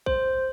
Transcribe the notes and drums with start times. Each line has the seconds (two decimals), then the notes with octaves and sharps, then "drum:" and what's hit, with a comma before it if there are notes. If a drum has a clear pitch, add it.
0.06 C5, drum: kick A#1